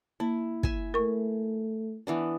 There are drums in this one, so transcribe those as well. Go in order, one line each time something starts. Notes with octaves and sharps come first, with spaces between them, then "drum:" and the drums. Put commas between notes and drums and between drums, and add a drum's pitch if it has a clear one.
A#3 E4
E5 G#5, drum: kick
A3 A#4 C#6
E3 B3 D4